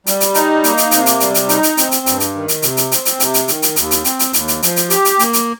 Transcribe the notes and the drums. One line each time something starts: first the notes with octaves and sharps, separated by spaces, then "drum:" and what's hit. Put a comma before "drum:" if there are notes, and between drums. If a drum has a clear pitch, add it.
G3, drum: hi-hat
drum: hi-hat
D#4, drum: hi-hat
A#3, drum: hi-hat
drum: hi-hat
C3, drum: hi-hat
drum: hi-hat
G3, drum: hi-hat
drum: hi-hat
D#4, drum: hi-hat
drum: hi-hat
C4, drum: hi-hat
drum: hi-hat
G2, drum: hi-hat
drum: hi-hat
D#3
drum: hi-hat
C3, drum: hi-hat
drum: hi-hat
C4, drum: hi-hat
drum: hi-hat
C3, drum: hi-hat
drum: hi-hat
D#3, drum: hi-hat
drum: hi-hat
D#2, drum: hi-hat
drum: hi-hat
C4, drum: hi-hat
drum: hi-hat
D#2, drum: hi-hat
drum: hi-hat
F3, drum: hi-hat
drum: hi-hat
G4, drum: hi-hat
drum: hi-hat
A#3, drum: hi-hat
drum: hi-hat